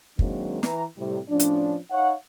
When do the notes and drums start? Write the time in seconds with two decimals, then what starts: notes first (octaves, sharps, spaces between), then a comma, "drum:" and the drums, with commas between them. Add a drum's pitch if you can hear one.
0.19 D#3 F#3 G#3 A#3 C4 D4, drum: kick
0.63 E3 A#5, drum: snare
0.97 A2 C3 G3
1.29 A2 F3 C#4 D4
1.40 drum: hi-hat
1.91 D#4 C#5 F5 F#5